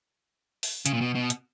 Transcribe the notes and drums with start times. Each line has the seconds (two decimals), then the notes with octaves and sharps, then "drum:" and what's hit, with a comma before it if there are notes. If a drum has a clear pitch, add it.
0.63 drum: open hi-hat
0.86 C#3, drum: hi-hat
0.94 A#2
1.01 B2
1.15 B2
1.30 drum: hi-hat